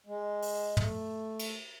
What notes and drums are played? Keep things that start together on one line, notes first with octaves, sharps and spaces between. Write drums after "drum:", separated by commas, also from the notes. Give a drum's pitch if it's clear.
G#3
drum: open hi-hat
A3, drum: tom
drum: cymbal